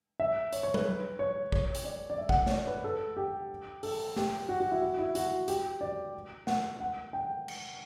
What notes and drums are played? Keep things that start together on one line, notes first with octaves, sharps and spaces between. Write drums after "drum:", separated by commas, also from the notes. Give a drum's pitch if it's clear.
E5
C#5, drum: hi-hat
C#5
B4, drum: tom F#3
B4
C#5
C#5, drum: kick
drum: hi-hat
D5
D5
E5
F#5, drum: kick
C#5, drum: snare
D5
B4
A4
G4
A4, drum: open hi-hat
G4, drum: snare
F#4
F#4
E4
F#4
E4
F#4, drum: hi-hat
G4, drum: hi-hat
D5
F#5, drum: snare
F#5
G5
drum: cymbal